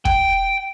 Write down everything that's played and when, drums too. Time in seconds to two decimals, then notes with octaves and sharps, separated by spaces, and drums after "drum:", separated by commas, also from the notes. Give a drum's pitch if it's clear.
0.05 G5, drum: kick